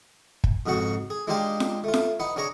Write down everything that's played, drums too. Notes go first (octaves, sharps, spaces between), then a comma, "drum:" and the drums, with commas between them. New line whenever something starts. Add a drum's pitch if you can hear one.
drum: kick
F2 G#2 C#3 F#4 F#5 C#6
G#4
G#3 D4 D#4 F4 G4 C5
drum: snare F4
A3 F4
drum: snare F4
D#4 B4 F#5
C#4 D4 G#4 A#5 C#6